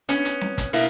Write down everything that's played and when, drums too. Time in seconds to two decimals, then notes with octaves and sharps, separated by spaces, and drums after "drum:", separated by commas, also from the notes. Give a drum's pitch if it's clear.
0.09 B3 C#4, drum: hi-hat
0.25 drum: hi-hat
0.41 drum: snare C4
0.58 drum: kick, hi-hat
0.73 B2 A#3 E4, drum: open hi-hat